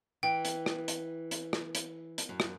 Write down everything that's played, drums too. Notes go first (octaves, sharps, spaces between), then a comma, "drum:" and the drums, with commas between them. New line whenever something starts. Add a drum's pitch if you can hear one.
E3 G5
drum: hi-hat
drum: rim click
drum: hi-hat
drum: hi-hat
drum: rim click
drum: hi-hat
drum: hi-hat
F#2
drum: rim click